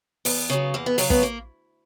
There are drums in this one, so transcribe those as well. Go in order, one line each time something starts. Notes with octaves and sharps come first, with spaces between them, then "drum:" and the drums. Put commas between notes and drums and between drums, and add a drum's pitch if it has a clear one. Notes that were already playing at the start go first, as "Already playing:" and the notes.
E2 B3, drum: open hi-hat
C#3 F#3
E2 A#3
B3
C#3 F#3 C#4, drum: open hi-hat
B3, drum: kick
A#3